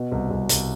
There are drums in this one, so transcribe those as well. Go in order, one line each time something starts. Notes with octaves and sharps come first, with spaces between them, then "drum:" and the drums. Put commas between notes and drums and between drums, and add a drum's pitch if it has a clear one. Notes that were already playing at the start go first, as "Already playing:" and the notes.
Already playing: B2
C2
C2
C2, drum: hi-hat